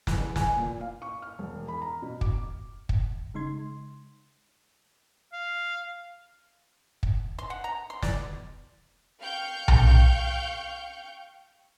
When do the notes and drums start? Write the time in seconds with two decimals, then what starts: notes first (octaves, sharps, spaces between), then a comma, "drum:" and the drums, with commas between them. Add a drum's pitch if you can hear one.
0.07 drum: snare
0.17 E2
0.36 G#5, drum: snare
0.57 A#2
0.81 F5
1.02 C#6
1.22 F6
1.39 E1
1.68 B5
1.82 A#5
2.02 B2
2.21 D6, drum: kick
2.89 drum: kick
3.34 C#3 G#3 D#4 C6 G#6
5.33 F5
7.03 drum: kick
7.39 C6
7.50 F#5
7.64 A#5
7.90 C6
8.02 D5, drum: snare
9.21 F5 G5 C#6 F6 G6
9.68 drum: tom B1